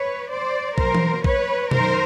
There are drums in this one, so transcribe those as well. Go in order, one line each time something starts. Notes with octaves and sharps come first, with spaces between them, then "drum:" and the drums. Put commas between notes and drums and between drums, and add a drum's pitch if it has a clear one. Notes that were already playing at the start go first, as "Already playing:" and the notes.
Already playing: B4 C#5
C5 D5
B2 F#3 A#3 A#4 C5, drum: kick A#1
drum: tom E3
B4 C#5, drum: kick A#1
F#2 D#3 F#3 A#4 C5, drum: tom B2